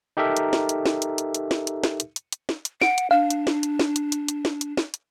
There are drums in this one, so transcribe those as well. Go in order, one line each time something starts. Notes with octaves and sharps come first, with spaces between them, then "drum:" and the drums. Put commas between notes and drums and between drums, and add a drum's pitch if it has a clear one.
D#4 G4 A4 A#4 E5
drum: hi-hat
drum: snare
drum: hi-hat
drum: snare
drum: hi-hat
drum: hi-hat
drum: hi-hat
drum: snare
drum: hi-hat
drum: snare
drum: hi-hat
drum: hi-hat
drum: hi-hat
drum: snare
drum: hi-hat
F#5 D7, drum: snare
drum: hi-hat
D4 F5
drum: hi-hat
drum: snare
drum: hi-hat
drum: snare
drum: hi-hat
drum: hi-hat
drum: hi-hat
drum: snare
drum: hi-hat
drum: snare
drum: hi-hat